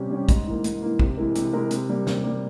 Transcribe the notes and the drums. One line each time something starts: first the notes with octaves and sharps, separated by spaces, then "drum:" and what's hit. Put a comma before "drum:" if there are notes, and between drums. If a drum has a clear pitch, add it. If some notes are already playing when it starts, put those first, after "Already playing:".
Already playing: C3 G3 C#4 G4
G3 C#4 G4
G#2, drum: kick, hi-hat
E3 A#3
G#2, drum: hi-hat
E3 A#3
C3, drum: kick
E3 G#3 E4 A#4
C3, drum: hi-hat
E3 G#3 E4 A#4
C3, drum: hi-hat
G3 A#3
C3, drum: snare
G3 A#3